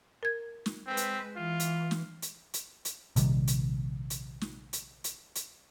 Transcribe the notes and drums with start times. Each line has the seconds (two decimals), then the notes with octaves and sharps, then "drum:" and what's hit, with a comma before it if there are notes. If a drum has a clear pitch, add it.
0.23 A#4 G#6
0.66 drum: snare
0.87 G#3 C4 B4
0.97 drum: hi-hat
1.36 E3 F4
1.60 drum: hi-hat
1.91 drum: snare
2.22 drum: hi-hat
2.54 drum: hi-hat
2.85 drum: hi-hat
3.16 A#1 C3 D#3 G3, drum: hi-hat
3.48 drum: hi-hat
4.10 drum: hi-hat
4.41 drum: snare
4.73 drum: hi-hat
5.04 drum: hi-hat
5.35 drum: hi-hat